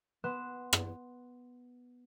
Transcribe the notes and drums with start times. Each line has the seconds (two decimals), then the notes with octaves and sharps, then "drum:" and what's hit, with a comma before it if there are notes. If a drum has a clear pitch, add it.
0.24 B3 C6 F#6 E7
0.73 drum: rim click